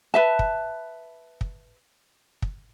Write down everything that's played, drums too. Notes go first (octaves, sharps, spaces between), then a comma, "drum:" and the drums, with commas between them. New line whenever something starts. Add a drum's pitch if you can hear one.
B4 E5 A5
drum: kick
drum: kick
drum: kick